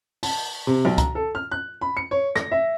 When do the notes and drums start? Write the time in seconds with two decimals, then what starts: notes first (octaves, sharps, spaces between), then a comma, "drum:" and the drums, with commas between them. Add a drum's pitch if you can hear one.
0.23 A5, drum: open hi-hat
0.67 C3
0.85 B1
0.98 A#5, drum: kick C#2, hi-hat
1.15 A4
1.35 F6
1.51 F#6
1.81 B5
1.97 C#7
2.11 C#5
2.36 A#6, drum: rim click
2.52 E5